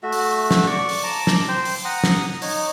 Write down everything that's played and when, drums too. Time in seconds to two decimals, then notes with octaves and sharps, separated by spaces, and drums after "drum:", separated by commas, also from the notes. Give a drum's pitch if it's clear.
0.03 A3 F#4 E5
0.12 drum: open hi-hat
0.51 drum: snare
0.67 D5 C#6
0.89 drum: open hi-hat
1.03 A5 A#5 D6
1.27 drum: snare
1.48 C5 G5
1.65 drum: open hi-hat
1.85 F#5 A#5 D#6
2.04 drum: snare
2.42 D#4 C#5, drum: open hi-hat